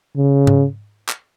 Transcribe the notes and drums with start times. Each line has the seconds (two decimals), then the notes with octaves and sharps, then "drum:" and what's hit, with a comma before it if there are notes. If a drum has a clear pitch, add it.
0.17 C#3
0.47 drum: tom G#2
1.09 drum: clap